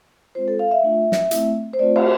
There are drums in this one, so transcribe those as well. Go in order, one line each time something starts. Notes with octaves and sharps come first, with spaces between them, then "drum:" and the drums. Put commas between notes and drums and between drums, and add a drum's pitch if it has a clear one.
G#3 C4 F4 C5
A4
F5
E5
A3 D4 F4
drum: snare
A3 C4 E4, drum: hi-hat
C5
A3 C4 F4 D5
C5, drum: cymbal